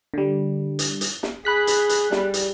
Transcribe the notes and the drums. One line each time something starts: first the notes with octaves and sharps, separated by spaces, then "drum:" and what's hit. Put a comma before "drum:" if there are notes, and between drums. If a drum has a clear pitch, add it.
D3 G3
drum: hi-hat
drum: hi-hat
drum: snare
G#4 B5 F#6 B6
drum: hi-hat
drum: hi-hat
G3, drum: snare
drum: hi-hat